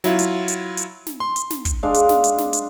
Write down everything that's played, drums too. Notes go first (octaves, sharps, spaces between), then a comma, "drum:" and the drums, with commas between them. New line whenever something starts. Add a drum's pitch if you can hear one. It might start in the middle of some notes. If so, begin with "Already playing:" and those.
F#3 E4 F4, drum: snare
drum: hi-hat
drum: hi-hat
drum: hi-hat
drum: snare
C6
drum: hi-hat
drum: snare
drum: kick, hi-hat
G#3 D4 F5
drum: hi-hat
drum: snare
drum: hi-hat
drum: snare
drum: hi-hat